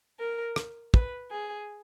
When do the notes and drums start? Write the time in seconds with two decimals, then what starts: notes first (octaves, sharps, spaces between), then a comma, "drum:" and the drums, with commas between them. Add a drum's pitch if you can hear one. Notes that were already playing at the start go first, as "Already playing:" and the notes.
0.19 A#4
0.56 drum: rim click
0.94 B4, drum: kick
1.31 G#4